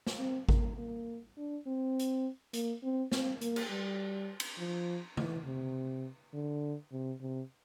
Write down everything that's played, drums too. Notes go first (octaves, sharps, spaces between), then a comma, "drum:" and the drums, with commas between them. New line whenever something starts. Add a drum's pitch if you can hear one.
drum: snare
C4
A#3, drum: kick G#1
A#3
D4
C4
drum: hi-hat
A#3, drum: hi-hat
C4
C4, drum: snare
A#3, drum: hi-hat
drum: cymbal
G3
drum: cymbal
F3
E3, drum: tom C#3
C3
D3
C3
C3